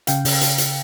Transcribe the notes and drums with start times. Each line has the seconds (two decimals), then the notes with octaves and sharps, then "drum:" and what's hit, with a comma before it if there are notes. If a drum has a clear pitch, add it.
0.07 C#3 F5 G5, drum: hi-hat
0.25 C#3, drum: open hi-hat
0.41 drum: hi-hat
0.58 drum: hi-hat